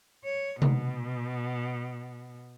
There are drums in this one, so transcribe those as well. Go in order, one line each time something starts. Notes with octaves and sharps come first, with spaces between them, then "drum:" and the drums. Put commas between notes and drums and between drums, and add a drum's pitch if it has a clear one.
C#5
B2, drum: tom C3